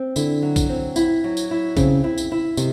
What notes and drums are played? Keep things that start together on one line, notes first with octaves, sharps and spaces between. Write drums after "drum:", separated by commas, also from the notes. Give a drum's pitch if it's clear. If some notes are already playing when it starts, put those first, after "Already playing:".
Already playing: C4
D3 E4, drum: tambourine
F#3
drum: kick, tambourine
C4
E4, drum: tambourine
F#3
drum: tambourine
E4
C#3 C4, drum: kick, tambourine
E4
drum: tambourine
E4
C3 D#3, drum: tambourine